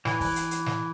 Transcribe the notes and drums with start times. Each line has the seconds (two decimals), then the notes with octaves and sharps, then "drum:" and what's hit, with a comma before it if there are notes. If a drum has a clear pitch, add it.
0.05 E3, drum: snare
0.21 drum: kick, open hi-hat
0.36 drum: hi-hat
0.51 drum: hi-hat
0.66 drum: snare